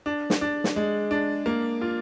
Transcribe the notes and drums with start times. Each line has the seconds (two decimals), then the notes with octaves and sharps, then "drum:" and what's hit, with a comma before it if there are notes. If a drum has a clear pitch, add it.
0.06 D4
0.30 drum: snare
0.41 D4
0.64 drum: snare
0.76 G#3
1.11 D4
1.46 A#3
1.81 F4